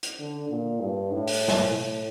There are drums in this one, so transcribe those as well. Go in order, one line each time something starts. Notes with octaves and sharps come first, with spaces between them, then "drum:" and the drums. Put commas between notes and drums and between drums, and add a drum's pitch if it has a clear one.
drum: hi-hat
D3
A#2
G2
A2
drum: open hi-hat
drum: snare
A2